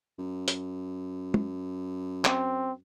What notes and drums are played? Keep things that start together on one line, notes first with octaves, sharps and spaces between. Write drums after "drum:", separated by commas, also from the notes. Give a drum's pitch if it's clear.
F#2
drum: hi-hat
drum: tom
C4, drum: clap